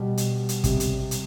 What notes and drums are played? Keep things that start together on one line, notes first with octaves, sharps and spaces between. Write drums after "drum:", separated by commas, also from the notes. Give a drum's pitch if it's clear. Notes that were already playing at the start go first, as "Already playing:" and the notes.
Already playing: B2 G3
drum: hi-hat
drum: hi-hat
C3 G3, drum: kick, hi-hat
drum: hi-hat
drum: hi-hat